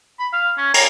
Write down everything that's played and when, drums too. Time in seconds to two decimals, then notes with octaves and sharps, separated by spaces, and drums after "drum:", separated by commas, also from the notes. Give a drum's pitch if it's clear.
0.19 B5
0.33 F5
0.58 C#4
0.74 A#5, drum: cymbal